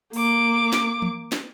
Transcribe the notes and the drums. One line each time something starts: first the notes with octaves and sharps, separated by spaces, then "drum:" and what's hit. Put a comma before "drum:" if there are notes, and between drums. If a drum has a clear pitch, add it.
A#3 D6, drum: open hi-hat
drum: snare
drum: tom E3
drum: snare